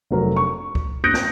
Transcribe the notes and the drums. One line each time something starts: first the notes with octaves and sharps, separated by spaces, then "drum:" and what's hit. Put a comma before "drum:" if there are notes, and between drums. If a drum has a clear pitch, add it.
F1 F#3 A#4
C#6
drum: kick C#2
D#6 F#6 G6 A#6 C#7 D7
drum: snare